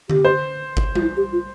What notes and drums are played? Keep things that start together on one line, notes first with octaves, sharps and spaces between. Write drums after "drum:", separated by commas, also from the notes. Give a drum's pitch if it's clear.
G4, drum: tom D3
C5
drum: kick G1
F4, drum: tom G3
E4
G4
F4